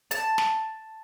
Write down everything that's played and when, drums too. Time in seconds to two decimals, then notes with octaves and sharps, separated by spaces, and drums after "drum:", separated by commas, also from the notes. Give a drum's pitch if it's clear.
0.11 A5, drum: hi-hat
0.38 drum: snare